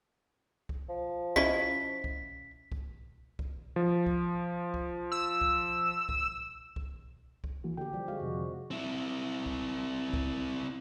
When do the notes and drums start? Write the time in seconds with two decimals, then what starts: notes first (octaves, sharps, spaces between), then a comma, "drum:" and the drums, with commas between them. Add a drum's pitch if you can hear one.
0.69 drum: kick
0.89 F3
1.36 C#4 E4 D#5 B6, drum: kick
2.04 drum: kick
2.72 drum: kick
3.39 drum: kick
3.76 F3
4.06 drum: kick
4.74 drum: kick
5.12 E6
5.41 drum: kick
6.09 drum: kick
6.76 drum: kick
7.44 drum: kick
7.64 E3 A#3 F#4
7.77 D3 G4 G5
7.93 F3 G3
8.08 G#3 F#4 F5
8.21 F2 C3 F3
8.71 C4 E4
9.46 drum: kick
10.14 drum: kick